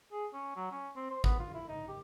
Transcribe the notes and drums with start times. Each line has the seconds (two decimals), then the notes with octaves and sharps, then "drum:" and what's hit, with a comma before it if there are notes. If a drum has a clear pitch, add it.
0.12 G#4
0.33 C#4
0.56 F#3
0.72 C#4
0.96 C4
1.11 C5
1.24 B3, drum: kick
1.39 F4
1.54 E4
1.69 D#4
1.88 G4